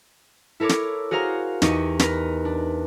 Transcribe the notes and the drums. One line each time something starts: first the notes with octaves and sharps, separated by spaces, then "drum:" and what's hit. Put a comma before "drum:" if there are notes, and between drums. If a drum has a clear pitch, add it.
E4 A4 A#4 C#5 D6
drum: snare
F#4 G#4 A#4 C5 F5 A#5
E2 D#4 G4 C#6 D#7, drum: snare
A#4 B4, drum: snare
D4